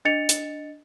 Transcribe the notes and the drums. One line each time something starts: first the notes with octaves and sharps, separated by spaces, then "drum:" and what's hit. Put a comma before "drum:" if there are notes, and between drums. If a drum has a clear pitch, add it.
D4 D#5 A6 C#7 F7
drum: hi-hat